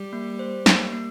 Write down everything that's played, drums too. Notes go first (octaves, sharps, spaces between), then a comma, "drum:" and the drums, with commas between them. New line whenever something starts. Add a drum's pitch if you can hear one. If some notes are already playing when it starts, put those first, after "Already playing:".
Already playing: G3
A#3
C5
A#3, drum: snare
A#3